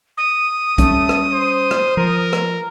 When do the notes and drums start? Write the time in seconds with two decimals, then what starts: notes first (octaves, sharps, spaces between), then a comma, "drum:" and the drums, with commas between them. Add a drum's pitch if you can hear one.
0.17 D#6
0.78 G3 A3 C#4, drum: kick B1, hi-hat
1.09 drum: rim click
1.32 C5
1.71 drum: rim click
1.97 F3 A#4
2.33 drum: rim click